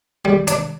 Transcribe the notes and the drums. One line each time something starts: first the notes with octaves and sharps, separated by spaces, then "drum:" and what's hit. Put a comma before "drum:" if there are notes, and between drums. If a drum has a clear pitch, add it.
G3
D4, drum: hi-hat